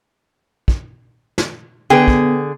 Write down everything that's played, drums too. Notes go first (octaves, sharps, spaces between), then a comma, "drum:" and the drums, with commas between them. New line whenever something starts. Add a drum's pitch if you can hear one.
drum: kick
drum: snare
D3 B3 G#4 B4 G5
drum: kick